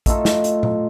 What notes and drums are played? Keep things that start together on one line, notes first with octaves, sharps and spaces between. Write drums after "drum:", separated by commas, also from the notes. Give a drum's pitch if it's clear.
A3 D#4 F4 A4, drum: kick, hi-hat
drum: snare
drum: hi-hat
drum: tom A#2